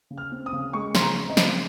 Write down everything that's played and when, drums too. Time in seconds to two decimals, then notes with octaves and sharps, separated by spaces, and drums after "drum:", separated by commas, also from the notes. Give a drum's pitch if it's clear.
0.10 C#3
0.18 F6
0.32 C4
0.46 D#6
0.53 C#3
0.73 G#3 C#6
0.95 C#3 C6, drum: snare
1.02 A#5
1.16 C4
1.30 D#5
1.37 C#3, drum: snare